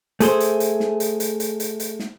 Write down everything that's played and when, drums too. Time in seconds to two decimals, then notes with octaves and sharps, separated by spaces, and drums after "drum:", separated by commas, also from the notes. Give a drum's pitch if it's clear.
0.20 A3 G#4 C5, drum: hi-hat
0.40 drum: hi-hat
0.60 drum: hi-hat
0.80 drum: snare
1.00 drum: hi-hat
1.20 drum: hi-hat
1.40 drum: hi-hat
1.60 drum: hi-hat
1.80 drum: hi-hat
2.00 drum: snare